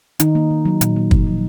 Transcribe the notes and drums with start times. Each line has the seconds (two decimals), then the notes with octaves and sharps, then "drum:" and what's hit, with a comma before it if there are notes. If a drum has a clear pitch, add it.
0.20 D#3 D#4, drum: hi-hat
0.35 A#3
0.50 D#3
0.65 F#3
0.81 A#2, drum: hi-hat
0.96 A#3
1.11 A#2, drum: kick
1.27 F3